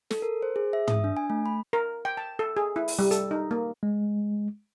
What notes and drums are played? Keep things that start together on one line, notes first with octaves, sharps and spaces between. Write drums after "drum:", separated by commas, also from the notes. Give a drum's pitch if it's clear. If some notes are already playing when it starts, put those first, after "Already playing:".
A4, drum: snare
A#4
C5
G#4
E5
D#6, drum: tom
D4
G#5
A3
B5
A#4
G5
A5
A4
G#4
E4
drum: open hi-hat
G3
A4, drum: hi-hat
D#4
A#3
G#3